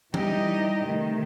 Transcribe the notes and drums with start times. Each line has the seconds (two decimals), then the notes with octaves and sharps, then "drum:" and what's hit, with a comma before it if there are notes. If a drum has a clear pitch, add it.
0.14 E3 G3 D#4 G4 D#5, drum: tom E3
0.85 C3 D#3 A3